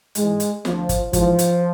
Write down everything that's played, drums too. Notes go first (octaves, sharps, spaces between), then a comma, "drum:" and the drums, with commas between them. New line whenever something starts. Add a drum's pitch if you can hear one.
G#2 E3 G#3, drum: hi-hat
drum: hi-hat
D2 D3 F3, drum: snare
drum: kick, hi-hat
G#2 E3 F3, drum: kick, hi-hat
drum: hi-hat